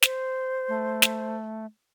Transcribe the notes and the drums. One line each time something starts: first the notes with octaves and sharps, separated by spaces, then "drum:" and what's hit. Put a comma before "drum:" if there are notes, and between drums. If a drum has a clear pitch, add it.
C5, drum: snare
A3
drum: snare